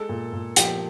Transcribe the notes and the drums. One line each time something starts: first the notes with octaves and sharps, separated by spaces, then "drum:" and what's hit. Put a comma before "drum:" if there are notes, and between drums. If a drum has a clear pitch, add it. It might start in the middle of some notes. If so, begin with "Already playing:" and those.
Already playing: G#3 A4
A#2
A#2
F3 G4, drum: hi-hat